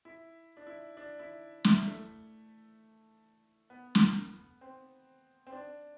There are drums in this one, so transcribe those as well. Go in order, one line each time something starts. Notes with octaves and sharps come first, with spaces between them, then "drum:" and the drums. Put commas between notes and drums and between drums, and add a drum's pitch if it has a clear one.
E4
D4
E4
D4
E4
E4, drum: snare
A3
B3
drum: snare
C4
C4
D4